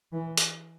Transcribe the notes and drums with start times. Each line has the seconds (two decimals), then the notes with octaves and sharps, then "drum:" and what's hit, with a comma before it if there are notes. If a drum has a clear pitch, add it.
0.13 E3
0.38 drum: hi-hat